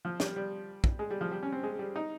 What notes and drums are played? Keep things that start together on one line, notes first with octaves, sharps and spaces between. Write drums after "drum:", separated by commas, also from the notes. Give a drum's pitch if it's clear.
F3
G3, drum: snare
G3
drum: kick
G#3
G3
F3
G3
C#4
C4
G#3
G3
D#4